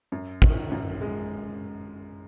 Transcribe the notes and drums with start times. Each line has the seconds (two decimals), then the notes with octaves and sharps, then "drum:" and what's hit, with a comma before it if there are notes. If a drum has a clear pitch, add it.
0.12 F#2
0.42 D#3, drum: kick
0.72 F#2
1.01 G#3